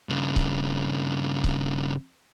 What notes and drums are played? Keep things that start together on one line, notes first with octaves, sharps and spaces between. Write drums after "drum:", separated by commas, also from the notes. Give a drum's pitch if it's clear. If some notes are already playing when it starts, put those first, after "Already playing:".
G2 C#3
drum: kick C#1
drum: kick C#1